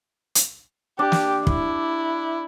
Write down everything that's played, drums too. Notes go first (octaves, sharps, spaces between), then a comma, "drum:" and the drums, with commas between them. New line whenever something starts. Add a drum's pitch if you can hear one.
drum: hi-hat
D4 G4
drum: snare
E4, drum: kick